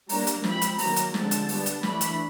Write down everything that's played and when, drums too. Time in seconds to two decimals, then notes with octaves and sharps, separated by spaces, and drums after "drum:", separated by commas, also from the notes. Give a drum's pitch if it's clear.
0.09 G3 A#3 D4 A#5, drum: open hi-hat
0.27 drum: hi-hat
0.44 F3 G#3 C4 B5, drum: snare
0.61 drum: hi-hat
0.78 D#3 F#3 A#3 A#5, drum: open hi-hat
0.96 drum: hi-hat
1.14 D3 F3 G#3 C4 A5, drum: snare
1.31 drum: hi-hat
1.49 G3 B3 D4, drum: open hi-hat
1.66 drum: hi-hat
1.83 E3 A3 D4 B5, drum: snare
2.01 drum: hi-hat